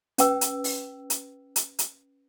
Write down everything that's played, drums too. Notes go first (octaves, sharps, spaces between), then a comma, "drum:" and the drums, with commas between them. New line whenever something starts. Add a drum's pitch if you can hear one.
C#4 B4 G5 E6, drum: hi-hat
drum: hi-hat
drum: open hi-hat
drum: hi-hat
drum: hi-hat
drum: hi-hat